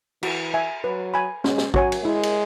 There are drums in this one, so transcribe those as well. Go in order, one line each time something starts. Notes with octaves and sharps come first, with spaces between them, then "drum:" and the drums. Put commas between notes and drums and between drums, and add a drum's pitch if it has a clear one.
E3 F#4, drum: cymbal
E5 G#5
F#3 B4
G#5 B5
G#3 C#4, drum: snare
drum: snare
F#3 F#4 C#5 G#5, drum: kick
drum: cymbal
G#3 E4
drum: cymbal